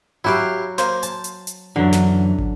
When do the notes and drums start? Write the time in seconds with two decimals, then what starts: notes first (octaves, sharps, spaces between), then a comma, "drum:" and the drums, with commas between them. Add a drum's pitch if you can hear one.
0.24 F#3 E4 F#4 G4 F5 G5
0.78 A#3 C5, drum: snare
1.03 A5, drum: hi-hat
1.24 drum: hi-hat
1.47 drum: hi-hat
1.76 F#2 D3 E3 F#3
1.93 drum: snare
2.39 drum: kick